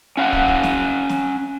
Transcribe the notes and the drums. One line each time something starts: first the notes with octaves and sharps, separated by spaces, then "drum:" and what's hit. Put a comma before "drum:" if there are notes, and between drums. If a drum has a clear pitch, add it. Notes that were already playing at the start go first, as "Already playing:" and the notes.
C#4 F5 F#5
drum: kick
drum: kick
drum: snare
drum: snare